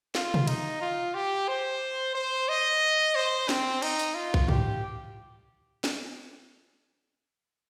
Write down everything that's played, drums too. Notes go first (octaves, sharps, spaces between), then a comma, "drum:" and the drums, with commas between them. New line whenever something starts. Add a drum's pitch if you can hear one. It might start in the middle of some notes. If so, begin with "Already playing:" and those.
F4, drum: snare
drum: tom B2
D#4, drum: cymbal
F4
G4
C5
C5
D#5
C5
C4, drum: snare
D#4, drum: cymbal
drum: tambourine
F4
drum: kick B1
G4, drum: tom G#2
drum: snare